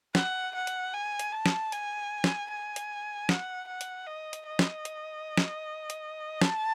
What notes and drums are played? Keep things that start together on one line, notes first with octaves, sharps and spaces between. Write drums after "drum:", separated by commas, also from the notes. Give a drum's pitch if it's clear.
F#5, drum: snare
F#5
drum: hi-hat
G#5
drum: hi-hat
A5
drum: snare
G#5, drum: hi-hat
drum: snare
G#5
drum: hi-hat
F#5, drum: snare
F#5
drum: hi-hat
D#5
drum: hi-hat
D#5
drum: snare
drum: hi-hat
drum: snare
drum: hi-hat
A5, drum: snare